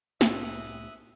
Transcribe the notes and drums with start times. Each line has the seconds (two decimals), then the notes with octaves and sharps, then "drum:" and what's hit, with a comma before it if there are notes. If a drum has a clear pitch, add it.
0.21 C2 A2 A3 E5 D#6 F#6, drum: snare